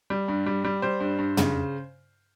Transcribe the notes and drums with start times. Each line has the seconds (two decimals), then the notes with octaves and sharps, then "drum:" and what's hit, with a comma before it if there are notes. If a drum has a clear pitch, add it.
0.10 G3
0.28 G2
0.46 G3
0.65 G3
0.82 G3 C5
1.00 G2
1.19 G2
1.37 C#3, drum: tom